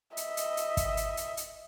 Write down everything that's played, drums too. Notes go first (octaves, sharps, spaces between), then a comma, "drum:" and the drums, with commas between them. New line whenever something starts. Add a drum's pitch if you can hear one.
D#5 E5, drum: hi-hat
drum: hi-hat
drum: hi-hat
drum: kick, hi-hat
drum: hi-hat
drum: hi-hat
drum: hi-hat